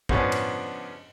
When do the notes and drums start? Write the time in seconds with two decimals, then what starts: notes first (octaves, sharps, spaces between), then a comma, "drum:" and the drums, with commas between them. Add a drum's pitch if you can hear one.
0.09 C#3 F3 G3 B3 C#4 D4, drum: kick
0.32 drum: cymbal